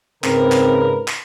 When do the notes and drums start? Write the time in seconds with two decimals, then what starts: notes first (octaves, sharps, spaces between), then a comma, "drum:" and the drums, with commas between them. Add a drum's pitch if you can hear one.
0.24 G#2 C#3 C4 A#4 B4, drum: clap
0.52 drum: clap
1.08 drum: clap